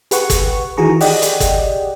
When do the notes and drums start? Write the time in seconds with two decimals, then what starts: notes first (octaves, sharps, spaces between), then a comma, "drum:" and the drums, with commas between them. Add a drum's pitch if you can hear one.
0.11 G4 B4 F#5 C#6, drum: hi-hat
0.30 drum: kick, hi-hat
0.77 D#3 E3 F#4 G#4 A#5 C#6
1.01 G4 G#4 D5 D#5 F#5 G5, drum: open hi-hat
1.22 drum: hi-hat
1.40 drum: kick, hi-hat